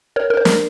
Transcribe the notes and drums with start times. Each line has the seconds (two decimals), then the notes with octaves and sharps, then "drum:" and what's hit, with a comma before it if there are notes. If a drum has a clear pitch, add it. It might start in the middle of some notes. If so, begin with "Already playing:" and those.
0.16 A#4 C#5
0.30 A#4
0.37 C5
0.45 A#4, drum: snare